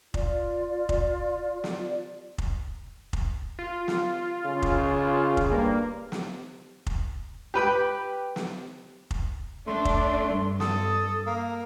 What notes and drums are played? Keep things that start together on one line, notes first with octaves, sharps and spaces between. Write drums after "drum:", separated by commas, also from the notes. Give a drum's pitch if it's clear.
F4 D5, drum: kick F1
drum: kick F1
drum: snare
drum: kick F1
drum: kick F1
F4
drum: snare
C#3
drum: kick F1
drum: kick F1
G2 A#3
drum: snare
drum: kick F1
G4 B4 G5 B5
drum: snare
drum: kick F1
A3 D4 C6
drum: kick F1
G2
A4 D#6, drum: snare
A#3 A#5